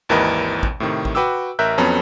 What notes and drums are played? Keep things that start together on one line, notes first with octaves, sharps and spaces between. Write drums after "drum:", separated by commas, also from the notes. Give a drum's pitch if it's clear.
G#1 D#2 E3 A#4 B4 D#5
drum: kick A1
A2 C3 D#3
drum: kick A1
F#4 B4 G5 D6 E6
A1 A#4 E5 F#6 G6
F2 F#3 B3 C#4 A4 A#5